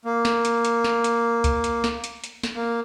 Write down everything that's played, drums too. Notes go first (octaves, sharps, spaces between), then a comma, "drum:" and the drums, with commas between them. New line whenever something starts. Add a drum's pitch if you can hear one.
A#3
drum: snare
drum: hi-hat
drum: hi-hat
drum: snare
drum: hi-hat
drum: kick C#2, hi-hat
drum: hi-hat
drum: snare
drum: hi-hat
drum: hi-hat
drum: snare
A#3